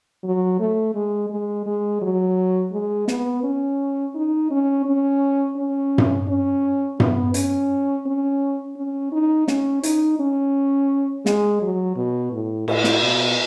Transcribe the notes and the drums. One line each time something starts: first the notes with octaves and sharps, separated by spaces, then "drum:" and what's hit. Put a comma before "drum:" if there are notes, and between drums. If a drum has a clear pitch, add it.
F#3
A3
G#3
G#3
G#3
F#3
G#3
B3, drum: snare
C#4
D#4
C#4
C#4
C#4
drum: tom G2
C#4
B3, drum: tom G2
C#4, drum: hi-hat
C#4
C#4
D#4
C#4, drum: snare
D#4, drum: hi-hat
C#4
G#3, drum: snare
F#3
B2
A2
A2, drum: cymbal
drum: snare
B2